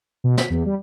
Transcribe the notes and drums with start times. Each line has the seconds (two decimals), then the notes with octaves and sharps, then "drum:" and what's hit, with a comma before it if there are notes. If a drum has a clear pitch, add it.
0.24 B2
0.38 B6, drum: snare
0.50 E2
0.65 G3